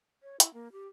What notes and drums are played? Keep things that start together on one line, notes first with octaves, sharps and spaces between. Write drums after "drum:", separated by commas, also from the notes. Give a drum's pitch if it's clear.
C#5
E4, drum: hi-hat
A#3
G4